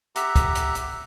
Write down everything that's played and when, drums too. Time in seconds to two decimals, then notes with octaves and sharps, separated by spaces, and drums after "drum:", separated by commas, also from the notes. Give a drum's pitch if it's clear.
0.16 G4 E5 F#5 A#5, drum: hi-hat
0.36 drum: kick, hi-hat
0.55 drum: hi-hat
0.75 drum: hi-hat